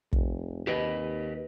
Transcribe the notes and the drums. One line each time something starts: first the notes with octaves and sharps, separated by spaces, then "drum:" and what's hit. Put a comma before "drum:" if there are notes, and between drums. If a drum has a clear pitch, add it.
F1, drum: kick
D#2 G4 B4 D#5